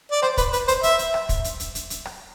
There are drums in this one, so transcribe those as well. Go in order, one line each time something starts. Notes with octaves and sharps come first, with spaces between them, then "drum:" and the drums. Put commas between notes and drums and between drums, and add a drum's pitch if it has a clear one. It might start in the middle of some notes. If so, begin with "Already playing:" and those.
D5
C5, drum: rim click
B4, drum: kick, hi-hat
B4, drum: hi-hat
C5, drum: hi-hat
E5, drum: hi-hat
drum: hi-hat
drum: rim click
drum: kick, hi-hat
drum: hi-hat
drum: hi-hat
drum: hi-hat
drum: hi-hat
drum: rim click